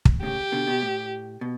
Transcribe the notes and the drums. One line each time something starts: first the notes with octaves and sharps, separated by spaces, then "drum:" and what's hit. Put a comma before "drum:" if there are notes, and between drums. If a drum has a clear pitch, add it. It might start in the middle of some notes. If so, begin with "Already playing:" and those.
drum: kick
A2 C#3 G4
B2 D3
B2
A2
B2